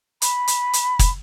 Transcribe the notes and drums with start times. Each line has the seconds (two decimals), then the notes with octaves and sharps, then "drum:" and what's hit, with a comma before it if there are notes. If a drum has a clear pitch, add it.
0.22 B5, drum: hi-hat
0.48 drum: hi-hat
0.73 drum: hi-hat
0.99 drum: kick, hi-hat